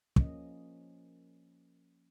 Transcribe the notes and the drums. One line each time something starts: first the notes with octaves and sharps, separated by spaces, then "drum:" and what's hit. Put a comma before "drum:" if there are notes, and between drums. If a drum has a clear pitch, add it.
F3 A#3 C#4 D#5, drum: kick